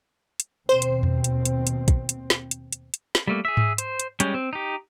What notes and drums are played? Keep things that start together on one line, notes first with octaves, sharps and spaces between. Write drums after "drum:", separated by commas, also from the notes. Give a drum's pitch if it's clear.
drum: hi-hat
D#2 B2 C4 C5
drum: hi-hat
drum: tom E2
drum: hi-hat
drum: hi-hat
drum: hi-hat
drum: kick, hi-hat
drum: hi-hat
drum: snare
drum: hi-hat
drum: hi-hat
drum: hi-hat
drum: snare
G3 A3 A#3
G#4 E5
drum: tom G#2
C5, drum: hi-hat
drum: hi-hat
G3 G#3 C#4 G5, drum: hi-hat
C4
D#4 G4